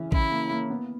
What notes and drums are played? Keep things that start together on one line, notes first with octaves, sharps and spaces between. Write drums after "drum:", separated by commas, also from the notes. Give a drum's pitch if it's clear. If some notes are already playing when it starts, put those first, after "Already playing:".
Already playing: C#3 E3 C#4
C#3 E4, drum: kick
A#3
A#3
B3